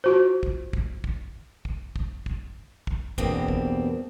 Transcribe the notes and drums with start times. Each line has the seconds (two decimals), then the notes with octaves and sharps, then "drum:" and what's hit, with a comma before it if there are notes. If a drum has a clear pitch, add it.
0.04 F4 F#4 C5
0.43 drum: kick
0.73 drum: kick
1.04 drum: kick
1.65 drum: kick
1.96 drum: kick
2.26 drum: kick
2.87 drum: kick
3.18 E2 G2 B2 A#3 C4 G4, drum: kick
3.48 drum: kick